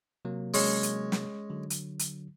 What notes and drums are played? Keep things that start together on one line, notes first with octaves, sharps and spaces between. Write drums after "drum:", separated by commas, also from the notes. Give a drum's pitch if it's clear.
C3 F#3 A#3
G#3 C#4, drum: open hi-hat
drum: hi-hat
drum: snare
D3 F#3
drum: hi-hat
drum: hi-hat